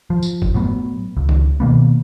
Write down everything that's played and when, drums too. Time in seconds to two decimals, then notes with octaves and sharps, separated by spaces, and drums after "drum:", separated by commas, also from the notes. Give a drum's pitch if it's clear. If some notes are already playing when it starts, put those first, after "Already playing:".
0.10 F3
0.23 drum: tambourine
0.42 drum: kick
0.54 A2 F#3 B3
1.17 C#2
1.29 drum: tom D3
1.60 B2 D#3 A#3 B3